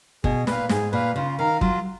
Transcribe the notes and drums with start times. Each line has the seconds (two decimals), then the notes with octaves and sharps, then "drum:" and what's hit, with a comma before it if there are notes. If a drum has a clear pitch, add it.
0.24 B2 G#4, drum: kick
0.47 A#2 B4 F5, drum: snare
0.69 G#2 G#4, drum: snare
0.92 A#2 B4 F5
1.16 C#3 F4
1.39 D#3 A#4 F5
1.61 F#3 F4, drum: kick